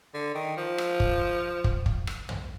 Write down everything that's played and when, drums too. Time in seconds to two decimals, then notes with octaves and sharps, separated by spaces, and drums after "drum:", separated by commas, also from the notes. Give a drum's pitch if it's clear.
0.14 D3
0.35 D#3
0.57 F3
0.78 drum: rim click
1.00 drum: kick
1.64 drum: kick
1.86 drum: kick
2.07 drum: rim click
2.29 drum: tom